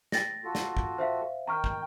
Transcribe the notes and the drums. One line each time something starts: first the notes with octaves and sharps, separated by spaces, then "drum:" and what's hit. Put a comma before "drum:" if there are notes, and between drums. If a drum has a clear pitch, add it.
G5 A6 A#6, drum: snare
F4 F#4 A4
drum: snare
drum: kick
C5 E5 F5
D#3 G5 A#5 C#6 F6
drum: kick